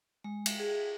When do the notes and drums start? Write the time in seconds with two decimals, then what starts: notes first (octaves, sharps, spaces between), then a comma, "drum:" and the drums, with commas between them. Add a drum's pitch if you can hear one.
0.24 G#3
0.46 drum: cymbal
0.60 G#4